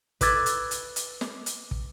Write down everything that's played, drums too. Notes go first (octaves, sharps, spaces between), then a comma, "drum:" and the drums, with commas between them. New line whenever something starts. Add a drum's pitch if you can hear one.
B4 D6 E6 G#6 A6, drum: kick, hi-hat
drum: hi-hat
drum: hi-hat
drum: hi-hat
drum: snare
drum: hi-hat
drum: kick